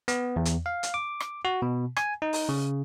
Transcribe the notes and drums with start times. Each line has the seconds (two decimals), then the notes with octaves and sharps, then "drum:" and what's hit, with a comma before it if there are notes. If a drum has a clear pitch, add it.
0.08 B3, drum: hi-hat
0.36 E2
0.45 drum: hi-hat
0.66 F5
0.83 drum: hi-hat
0.94 D6
1.20 drum: rim click
1.45 F#4
1.62 B2
1.97 G#5, drum: rim click
2.22 D#4
2.33 drum: open hi-hat
2.49 C#3